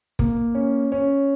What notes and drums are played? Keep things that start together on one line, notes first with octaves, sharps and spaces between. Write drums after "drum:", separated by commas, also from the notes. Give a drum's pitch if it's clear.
A#3, drum: kick
C#4
C#4